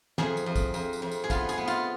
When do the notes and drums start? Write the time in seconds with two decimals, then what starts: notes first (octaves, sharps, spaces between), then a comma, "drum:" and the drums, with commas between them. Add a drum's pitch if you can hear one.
0.18 F2 G#4, drum: snare
0.37 drum: tambourine
0.46 F2
0.56 drum: kick, tambourine
0.74 F2, drum: tambourine
0.93 drum: tambourine
1.02 F2
1.11 drum: tambourine
1.24 G#4
1.30 B3 F4, drum: kick, tambourine
1.49 G#4, drum: tambourine
1.58 B3
1.68 F4, drum: tambourine